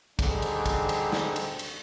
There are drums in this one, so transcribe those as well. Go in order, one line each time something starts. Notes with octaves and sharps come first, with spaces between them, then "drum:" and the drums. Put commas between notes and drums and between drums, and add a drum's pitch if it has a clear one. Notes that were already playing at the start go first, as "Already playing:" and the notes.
D3 G3 C4 D#4 G#4, drum: kick, cymbal
drum: cymbal
drum: kick, cymbal
drum: cymbal
drum: snare
drum: cymbal
drum: cymbal